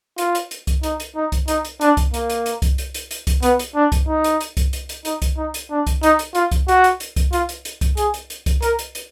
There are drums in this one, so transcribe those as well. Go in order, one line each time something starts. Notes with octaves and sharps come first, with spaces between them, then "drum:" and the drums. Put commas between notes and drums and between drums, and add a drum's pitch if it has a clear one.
F4, drum: hi-hat
drum: hi-hat
drum: hi-hat
drum: kick C2, hi-hat
D#4, drum: hi-hat
drum: hi-hat
D#4
drum: kick C2, hi-hat
D#4, drum: hi-hat
drum: hi-hat
D4, drum: hi-hat
drum: kick C2, hi-hat
A#3, drum: hi-hat
drum: hi-hat
drum: hi-hat
drum: kick C2, hi-hat
drum: hi-hat
drum: hi-hat
drum: hi-hat
drum: kick C2, hi-hat
B3, drum: hi-hat
drum: hi-hat
D4
drum: kick C2, hi-hat
D#4
drum: hi-hat
drum: hi-hat
drum: kick C2, hi-hat
drum: hi-hat
drum: hi-hat
D#4, drum: hi-hat
drum: kick C2, hi-hat
D#4
drum: hi-hat
D4
drum: kick C2, hi-hat
D#4, drum: hi-hat
drum: hi-hat
F4, drum: hi-hat
drum: kick C2, hi-hat
F#4, drum: hi-hat
drum: hi-hat
drum: hi-hat
drum: kick C2, hi-hat
F4, drum: hi-hat
drum: hi-hat
drum: hi-hat
drum: kick C2, hi-hat
G#4, drum: hi-hat
drum: hi-hat
drum: hi-hat
drum: kick C2, hi-hat
A#4, drum: hi-hat
drum: hi-hat
drum: hi-hat